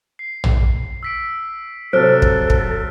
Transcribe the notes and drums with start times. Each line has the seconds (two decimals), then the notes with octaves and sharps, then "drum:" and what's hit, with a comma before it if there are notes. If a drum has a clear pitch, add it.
0.19 C7
0.44 drum: tom
1.03 E6 B6 D7
1.93 C3 F#3 A4 C5 F6 F#6 D7
2.22 drum: kick
2.50 drum: kick